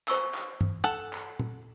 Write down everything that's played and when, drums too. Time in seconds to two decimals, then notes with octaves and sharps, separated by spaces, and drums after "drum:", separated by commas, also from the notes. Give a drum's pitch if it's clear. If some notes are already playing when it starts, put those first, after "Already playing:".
0.08 C5 C#6 E6, drum: clap
0.34 drum: clap
0.61 drum: tom G2
0.84 A4 F#5 A5
1.13 drum: clap
1.39 drum: tom A#2